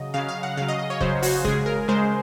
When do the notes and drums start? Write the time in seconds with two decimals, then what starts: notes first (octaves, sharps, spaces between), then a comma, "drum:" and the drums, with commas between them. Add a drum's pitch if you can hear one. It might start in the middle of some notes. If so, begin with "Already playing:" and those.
Already playing: C#3 F#3 D#5
0.14 C#3 F#3 F5
0.28 F5
0.43 F#5
0.57 C#3 F#3 F5
0.68 D#5
0.79 D#5
0.90 C#5
1.01 C#3 F#3 C5, drum: kick F1
1.22 F#4, drum: open hi-hat
1.44 C#3 G#3 G#4, drum: kick F1
1.66 A#4
1.88 C#3 G#3 C5